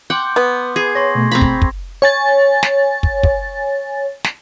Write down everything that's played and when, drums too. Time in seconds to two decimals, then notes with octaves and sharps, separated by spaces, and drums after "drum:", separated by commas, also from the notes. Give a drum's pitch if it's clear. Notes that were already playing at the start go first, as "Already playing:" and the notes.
0.10 F#5 G5 C6 D6 G6
0.36 B3
0.76 G#4 G#6 C7
0.95 C#5 C6 C#6 A#6
1.15 B2 A3
1.31 C4 A#5 B5
1.41 drum: kick
1.62 drum: kick
2.02 C#5 G#5 A6
2.63 drum: snare
3.03 drum: kick
3.23 drum: kick
4.25 drum: snare